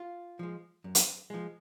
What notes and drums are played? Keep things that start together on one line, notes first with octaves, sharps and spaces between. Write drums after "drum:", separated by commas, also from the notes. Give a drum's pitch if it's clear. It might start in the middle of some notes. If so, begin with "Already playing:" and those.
Already playing: F4
F3 G#3
F#2
drum: hi-hat
F3 G#3